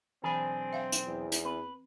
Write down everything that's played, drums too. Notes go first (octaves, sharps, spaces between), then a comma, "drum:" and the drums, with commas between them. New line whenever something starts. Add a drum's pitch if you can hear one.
B1 E3 C4 D4 G#4 B5
E5 F5 G#5
drum: hi-hat
E2
drum: hi-hat
C4 B4